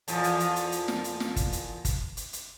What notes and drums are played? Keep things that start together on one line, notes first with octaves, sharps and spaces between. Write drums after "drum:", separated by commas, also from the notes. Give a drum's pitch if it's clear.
E2 A#2 F3, drum: hi-hat
drum: hi-hat
drum: hi-hat
drum: hi-hat
drum: hi-hat
drum: snare
drum: hi-hat
drum: snare
drum: kick G1, hi-hat
drum: hi-hat
drum: kick G1, hi-hat
drum: hi-hat
drum: hi-hat